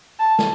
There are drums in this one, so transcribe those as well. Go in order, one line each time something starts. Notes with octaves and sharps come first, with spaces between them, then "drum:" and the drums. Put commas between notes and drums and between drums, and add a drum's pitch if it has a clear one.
A5
drum: snare